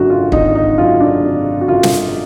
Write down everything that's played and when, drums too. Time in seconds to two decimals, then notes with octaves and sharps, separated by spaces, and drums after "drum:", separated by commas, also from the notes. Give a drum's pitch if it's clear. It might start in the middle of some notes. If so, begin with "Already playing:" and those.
Already playing: G#1 F#2 D3 F#3 F#4
0.10 F4
0.32 G#1 D#4, drum: kick
0.55 D#4
0.78 F#2 D3 F#3 F4
1.00 D4
1.23 G#1
1.61 F#4
1.68 F#2 D3 F#3 F4
1.83 drum: snare